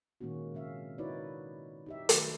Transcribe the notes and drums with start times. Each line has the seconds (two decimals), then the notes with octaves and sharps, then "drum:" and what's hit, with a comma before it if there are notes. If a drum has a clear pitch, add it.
0.21 A#2 D#3 G#3 A#3 C#4 F#4
0.54 C3 G#3 C#4 E5 F5
0.98 D#4 E4 F#4 B4 C#5 D5
1.86 D#4 G4 E5
2.09 D#3 F#3 A3 F#4 B4, drum: hi-hat